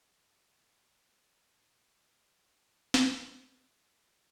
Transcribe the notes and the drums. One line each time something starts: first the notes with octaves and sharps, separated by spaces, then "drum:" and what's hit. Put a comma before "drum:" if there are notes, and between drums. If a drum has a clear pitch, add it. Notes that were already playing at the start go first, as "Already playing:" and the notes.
C5
A4
C5
drum: snare
A4
C5